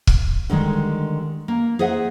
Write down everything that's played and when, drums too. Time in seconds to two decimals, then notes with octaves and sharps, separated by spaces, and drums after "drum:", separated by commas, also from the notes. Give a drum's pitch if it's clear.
0.07 drum: kick
0.50 D3 D#3 G3 G#3
1.48 A#3
1.79 G#4 C5 D#5 E5 F#5